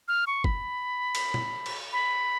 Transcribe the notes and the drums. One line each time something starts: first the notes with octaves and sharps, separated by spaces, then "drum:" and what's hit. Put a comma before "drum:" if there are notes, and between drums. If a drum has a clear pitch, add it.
F6
C#6
B5, drum: kick
drum: cymbal
drum: tom A#2
drum: cymbal
B5